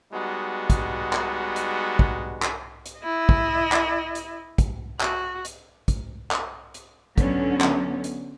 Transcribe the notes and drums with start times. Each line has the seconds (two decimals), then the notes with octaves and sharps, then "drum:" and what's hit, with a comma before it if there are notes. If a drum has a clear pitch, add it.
0.12 G3 G#3 B3 D#4 F#4
0.70 drum: kick, hi-hat
1.13 drum: clap
1.56 drum: hi-hat
1.99 drum: kick
2.42 drum: clap
2.86 drum: hi-hat
2.99 E4 D#5
3.29 drum: kick
3.72 drum: clap
4.15 drum: hi-hat
4.58 drum: kick, hi-hat
5.01 F#4, drum: clap
5.45 drum: hi-hat
5.88 drum: kick, hi-hat
6.31 drum: clap
6.74 drum: hi-hat
7.18 D3 F#3 B3 C#4, drum: kick, hi-hat
7.61 drum: clap
8.04 drum: hi-hat